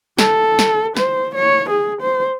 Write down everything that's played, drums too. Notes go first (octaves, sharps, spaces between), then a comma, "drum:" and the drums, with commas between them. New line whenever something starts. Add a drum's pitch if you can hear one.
A4, drum: snare
drum: snare
C5, drum: snare
C#5
G#4
C5